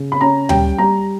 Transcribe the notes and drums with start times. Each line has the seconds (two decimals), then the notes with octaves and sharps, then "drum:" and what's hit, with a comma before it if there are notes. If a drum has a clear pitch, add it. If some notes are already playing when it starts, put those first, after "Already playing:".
Already playing: C#3
0.12 B5
0.21 C#4 A#5
0.49 G3 G5, drum: tom D2
0.78 G3 A#5